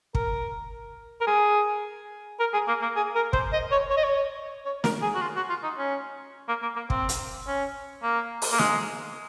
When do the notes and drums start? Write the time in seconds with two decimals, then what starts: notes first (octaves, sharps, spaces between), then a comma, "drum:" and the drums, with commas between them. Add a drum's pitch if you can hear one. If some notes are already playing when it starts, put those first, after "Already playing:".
0.15 A#4, drum: kick
1.21 A#4
1.27 G#4
2.40 A#4
2.54 G#4
2.68 A#3
2.82 A#3
2.96 G#4
3.15 A#4
3.33 C5, drum: kick
3.53 D#5
3.71 C#5
3.90 C#5
3.97 D#5
4.04 C#5
4.66 C#5
4.84 A#4, drum: snare
5.02 G#4
5.15 F#4
5.22 F4
5.36 F#4
5.50 F4
5.63 D#4
5.78 C#4
6.48 A#3
6.63 A#3
6.76 A#3
6.90 C4, drum: kick
7.09 drum: hi-hat
7.47 C#4
8.03 A#3
8.42 drum: open hi-hat
8.52 A#3
8.59 G#3, drum: snare